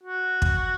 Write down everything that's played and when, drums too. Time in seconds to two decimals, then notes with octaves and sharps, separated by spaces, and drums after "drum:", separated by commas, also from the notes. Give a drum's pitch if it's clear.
0.04 F#4
0.42 drum: kick